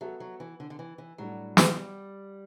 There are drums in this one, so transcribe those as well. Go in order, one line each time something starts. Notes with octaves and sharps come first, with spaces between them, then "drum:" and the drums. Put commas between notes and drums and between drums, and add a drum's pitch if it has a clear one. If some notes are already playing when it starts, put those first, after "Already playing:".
F#3 B3 F#4 A4 E5
F#3
E3
D3
D3
E3
E3
A2 F#3 G3 D4 A4
drum: snare
G3